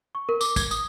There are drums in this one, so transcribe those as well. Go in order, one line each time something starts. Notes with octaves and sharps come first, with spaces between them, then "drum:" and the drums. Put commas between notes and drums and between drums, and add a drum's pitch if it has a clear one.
C#6
A#4
D6, drum: tambourine
G#6, drum: kick, tambourine
D#6, drum: tambourine